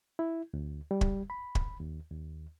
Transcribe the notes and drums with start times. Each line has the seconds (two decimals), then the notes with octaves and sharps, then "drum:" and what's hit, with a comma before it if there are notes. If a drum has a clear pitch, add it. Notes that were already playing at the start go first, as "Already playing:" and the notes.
0.19 E4
0.54 D2
0.91 G3
1.01 drum: kick
1.30 B5
1.55 drum: kick
1.80 D#2
2.11 D#2